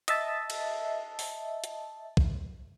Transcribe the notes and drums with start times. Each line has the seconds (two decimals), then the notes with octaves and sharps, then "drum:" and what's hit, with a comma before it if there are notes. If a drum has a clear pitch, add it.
0.08 D#5 E5 A5, drum: hi-hat
0.50 drum: cymbal
1.19 drum: open hi-hat
1.64 drum: hi-hat
2.17 drum: kick